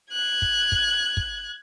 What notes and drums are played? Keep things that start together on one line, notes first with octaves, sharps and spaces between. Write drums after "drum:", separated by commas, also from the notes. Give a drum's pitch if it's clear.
F#6 G#6
drum: kick
drum: kick
drum: kick